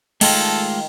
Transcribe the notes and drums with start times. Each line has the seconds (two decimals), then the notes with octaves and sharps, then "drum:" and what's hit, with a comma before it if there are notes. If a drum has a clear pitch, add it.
0.21 D#3 G#3 A3 F4 A4 A5, drum: cymbal